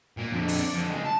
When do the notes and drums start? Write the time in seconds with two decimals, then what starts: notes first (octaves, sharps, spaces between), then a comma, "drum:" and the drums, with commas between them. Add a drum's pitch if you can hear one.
0.17 A#2 A#3
0.31 F2 D3
0.48 drum: open hi-hat
0.59 D5
0.73 F2 D3
0.90 C#2 G#3
1.04 A5